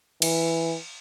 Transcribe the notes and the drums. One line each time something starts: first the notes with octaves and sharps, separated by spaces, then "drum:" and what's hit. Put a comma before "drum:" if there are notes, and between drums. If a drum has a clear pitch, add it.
E3, drum: cymbal